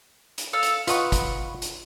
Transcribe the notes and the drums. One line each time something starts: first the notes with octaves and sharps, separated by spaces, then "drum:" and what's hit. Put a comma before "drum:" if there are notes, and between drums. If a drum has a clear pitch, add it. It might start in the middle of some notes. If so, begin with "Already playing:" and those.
drum: hi-hat
A4 F5 E6
drum: hi-hat
F4 B4 D#5 F#5 C#6, drum: hi-hat
drum: kick, hi-hat
drum: hi-hat